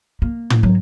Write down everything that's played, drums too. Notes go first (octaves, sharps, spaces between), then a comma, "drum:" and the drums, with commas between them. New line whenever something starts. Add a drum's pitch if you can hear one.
A#3
drum: tom
F#3